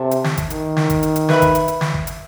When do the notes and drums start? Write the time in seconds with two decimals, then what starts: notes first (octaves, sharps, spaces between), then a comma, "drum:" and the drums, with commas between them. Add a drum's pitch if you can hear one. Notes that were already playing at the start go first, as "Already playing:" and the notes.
Already playing: C3 A4 E5
0.11 drum: hi-hat
0.24 drum: snare
0.37 drum: kick G#1, hi-hat
0.50 D#3, drum: hi-hat
0.77 drum: snare
0.90 drum: kick G#1, hi-hat
1.03 drum: hi-hat
1.16 drum: hi-hat
1.29 B4 E5 B5, drum: snare
1.42 drum: kick G#1, hi-hat
1.55 drum: hi-hat
1.68 drum: hi-hat
1.81 drum: snare
1.94 drum: kick G#1
2.07 drum: hi-hat